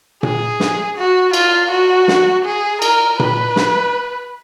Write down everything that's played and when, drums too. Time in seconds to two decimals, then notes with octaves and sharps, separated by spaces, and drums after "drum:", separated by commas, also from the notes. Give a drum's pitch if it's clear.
0.23 G#4, drum: tom A#2
0.60 drum: snare
0.97 F#4
1.33 F4, drum: cymbal
1.71 F#4
2.08 drum: snare
2.45 G#4
2.82 A#4, drum: cymbal
3.20 B4, drum: tom A#2
3.56 drum: snare